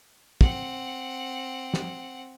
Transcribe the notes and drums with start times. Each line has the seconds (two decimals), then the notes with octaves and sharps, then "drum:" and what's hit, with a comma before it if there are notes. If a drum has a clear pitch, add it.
0.41 C4 F#5, drum: kick
1.74 drum: snare